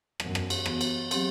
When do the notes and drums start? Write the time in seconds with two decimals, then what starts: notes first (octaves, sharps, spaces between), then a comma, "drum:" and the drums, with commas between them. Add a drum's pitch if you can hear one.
0.20 F#2 E3 B3 F#4, drum: rim click
0.35 drum: rim click
0.50 drum: cymbal
0.66 E3 B3 F#4, drum: rim click
0.81 drum: cymbal
1.11 F#3 C4 G4, drum: cymbal